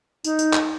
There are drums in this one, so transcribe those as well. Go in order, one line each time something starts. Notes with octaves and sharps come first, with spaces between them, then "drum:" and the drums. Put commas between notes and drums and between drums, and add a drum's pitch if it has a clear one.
D#4, drum: tambourine
drum: tambourine
drum: clap